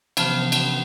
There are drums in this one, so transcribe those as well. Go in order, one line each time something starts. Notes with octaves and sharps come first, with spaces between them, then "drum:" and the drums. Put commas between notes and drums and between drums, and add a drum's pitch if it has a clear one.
C3 E3 F3 B3 A5 F6, drum: cymbal
drum: cymbal